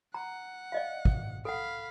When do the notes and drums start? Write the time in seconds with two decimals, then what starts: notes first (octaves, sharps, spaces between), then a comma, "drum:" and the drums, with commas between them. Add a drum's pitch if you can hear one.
0.14 F#5 A#5
0.72 D5 D#5 F5
1.05 drum: kick
1.45 A4 F5 F#5 B5